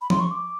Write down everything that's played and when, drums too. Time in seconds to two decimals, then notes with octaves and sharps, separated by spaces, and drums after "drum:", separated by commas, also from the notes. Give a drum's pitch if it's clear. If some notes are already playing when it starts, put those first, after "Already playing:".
0.01 B5
0.10 C6, drum: tom F3
0.21 C#6
0.31 D6